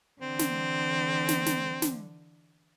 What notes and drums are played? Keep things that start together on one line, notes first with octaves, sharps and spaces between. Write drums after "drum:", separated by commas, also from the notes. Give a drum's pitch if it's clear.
D3 E3 C4
drum: snare
drum: snare
drum: snare
drum: snare